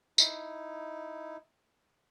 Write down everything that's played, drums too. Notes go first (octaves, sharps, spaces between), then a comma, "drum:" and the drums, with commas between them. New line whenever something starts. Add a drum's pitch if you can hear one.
D#4 E4, drum: tambourine